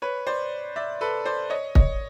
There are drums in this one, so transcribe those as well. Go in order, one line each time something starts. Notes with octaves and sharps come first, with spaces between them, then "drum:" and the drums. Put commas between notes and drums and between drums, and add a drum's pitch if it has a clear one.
B4 C#5
C5 D5
D5 E5
A4 B4
C5 D5
C#5 D#5
C#5 D#5, drum: kick